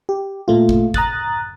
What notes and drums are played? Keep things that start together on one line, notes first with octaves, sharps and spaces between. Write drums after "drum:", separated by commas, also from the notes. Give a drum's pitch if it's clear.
G4
A#2 A3 F4
drum: kick
A#5 D#6 F#6 A6, drum: kick